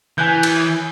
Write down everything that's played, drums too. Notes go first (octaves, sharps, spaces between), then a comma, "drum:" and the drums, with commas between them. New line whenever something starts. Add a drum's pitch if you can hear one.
E3 G#5 F#6 G6
drum: cymbal